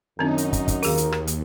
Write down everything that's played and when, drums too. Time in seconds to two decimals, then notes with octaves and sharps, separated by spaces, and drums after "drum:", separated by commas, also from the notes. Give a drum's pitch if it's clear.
0.19 F#2 D#3 C4 D4 D#4
0.38 drum: hi-hat
0.53 drum: kick, hi-hat
0.68 drum: kick, hi-hat
0.83 D#2 F#4 G#4 A#4 F5, drum: open hi-hat
0.98 drum: hi-hat
1.12 drum: rim click
1.27 drum: hi-hat